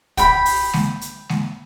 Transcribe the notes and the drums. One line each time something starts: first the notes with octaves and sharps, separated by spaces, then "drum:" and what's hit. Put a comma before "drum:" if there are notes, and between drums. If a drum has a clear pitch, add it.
G5 B5, drum: kick C2, hi-hat
drum: open hi-hat
drum: snare G#3
drum: hi-hat
drum: snare G#3